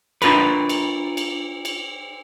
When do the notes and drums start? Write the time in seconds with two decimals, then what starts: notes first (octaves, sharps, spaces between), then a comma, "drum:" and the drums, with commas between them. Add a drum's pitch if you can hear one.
0.22 D4 F4 A#4 B4, drum: cymbal
0.69 drum: cymbal
1.17 drum: cymbal
1.65 drum: cymbal